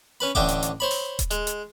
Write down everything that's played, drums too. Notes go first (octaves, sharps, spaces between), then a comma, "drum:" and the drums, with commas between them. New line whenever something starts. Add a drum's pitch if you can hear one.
C#4 B4 B5
A1 D3 D#5 E5 G5 D6, drum: kick D#1
drum: hi-hat
drum: hi-hat
C5 C#5 B5
drum: open hi-hat
drum: kick D#1, hi-hat
G#3, drum: hi-hat
drum: hi-hat